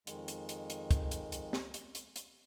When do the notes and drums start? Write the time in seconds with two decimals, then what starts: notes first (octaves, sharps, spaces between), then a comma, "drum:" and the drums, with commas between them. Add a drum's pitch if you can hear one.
0.07 F2 D#3 G#3, drum: hi-hat
0.28 drum: hi-hat
0.49 drum: hi-hat
0.70 drum: hi-hat
0.91 drum: kick, hi-hat
1.11 drum: hi-hat
1.32 drum: hi-hat
1.53 drum: snare
1.74 drum: hi-hat
1.95 drum: hi-hat
2.16 drum: hi-hat